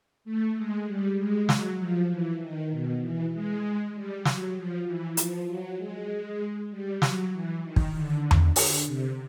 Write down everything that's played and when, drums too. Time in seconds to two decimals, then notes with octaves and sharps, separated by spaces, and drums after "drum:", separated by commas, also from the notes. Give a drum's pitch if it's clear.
0.25 A3
0.56 G#3
0.87 G3
1.18 G#3
1.49 F#3, drum: snare
1.79 F3
2.09 E3
2.40 D#3
2.71 B2
3.02 E3
3.33 G#3
3.95 G3
4.25 F#3, drum: snare
4.56 F3
4.86 E3
5.17 F3, drum: hi-hat
5.48 F#3
5.78 G#3
6.71 G3
7.02 F#3, drum: snare
7.33 E3
7.63 D#3
7.76 drum: kick
7.94 D3
8.31 drum: tom E2
8.56 D3, drum: open hi-hat
8.86 C3